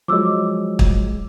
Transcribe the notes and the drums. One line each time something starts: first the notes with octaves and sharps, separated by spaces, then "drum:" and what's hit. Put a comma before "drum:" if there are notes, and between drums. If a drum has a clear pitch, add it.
F3 F#3 G#3 D6 E6
drum: kick